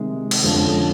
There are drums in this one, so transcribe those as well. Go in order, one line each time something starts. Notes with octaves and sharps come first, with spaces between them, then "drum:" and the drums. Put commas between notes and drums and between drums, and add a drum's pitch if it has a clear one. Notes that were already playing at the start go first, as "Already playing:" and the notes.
Already playing: C3 D#3 G#3
drum: cymbal
F2 D3 F3 G#3 C#4